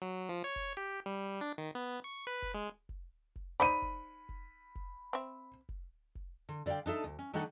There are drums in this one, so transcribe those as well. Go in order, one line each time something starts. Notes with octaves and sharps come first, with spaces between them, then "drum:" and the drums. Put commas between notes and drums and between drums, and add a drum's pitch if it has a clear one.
F#3
F3
C#5
drum: kick F1
G4
G3
D4
D#3
B3
C#6
B4
drum: kick F1
G#3
drum: kick F1
drum: kick F1
D#4 C5 D5 B5 D#7
drum: kick F1
drum: kick F1
drum: kick F1
C4 E5
drum: kick F1
drum: kick F1
D3
D3 D5 E5 F5 G5
D4 D#4 A4 E5
D2
C#4
D#3 A3 D4 D#4 A4 F#5